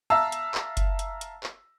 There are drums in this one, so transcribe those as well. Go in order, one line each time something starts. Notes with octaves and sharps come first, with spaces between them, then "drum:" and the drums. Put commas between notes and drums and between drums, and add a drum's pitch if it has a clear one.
E5 F5 A5 A#5 E6
drum: hi-hat
drum: clap
drum: kick F#1, hi-hat
drum: hi-hat
drum: hi-hat
drum: clap